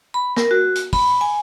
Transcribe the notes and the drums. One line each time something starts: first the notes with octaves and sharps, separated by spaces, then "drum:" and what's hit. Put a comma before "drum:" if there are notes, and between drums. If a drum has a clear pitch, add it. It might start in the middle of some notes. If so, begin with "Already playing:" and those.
B5
A#4, drum: snare
F#4
drum: hi-hat
B5, drum: kick, open hi-hat
G#5